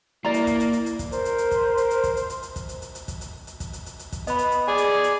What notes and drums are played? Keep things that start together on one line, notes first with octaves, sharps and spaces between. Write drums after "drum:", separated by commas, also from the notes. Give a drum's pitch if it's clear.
A#3 E4 D5 A#5
drum: hi-hat
drum: kick, hi-hat
drum: hi-hat
drum: hi-hat
drum: hi-hat
drum: kick, hi-hat
A#4 C5, drum: hi-hat
drum: hi-hat
drum: hi-hat
drum: kick, hi-hat
drum: hi-hat
drum: hi-hat
drum: kick, hi-hat
drum: hi-hat
drum: hi-hat
drum: hi-hat
drum: kick, hi-hat
drum: hi-hat
drum: hi-hat
drum: hi-hat
drum: kick, hi-hat
drum: hi-hat
drum: hi-hat
drum: kick, hi-hat
drum: hi-hat
drum: hi-hat
drum: hi-hat
drum: kick, hi-hat
B3 D#5 B5, drum: hi-hat
drum: hi-hat
drum: hi-hat
G#4 D5 G#5
drum: hi-hat
drum: hi-hat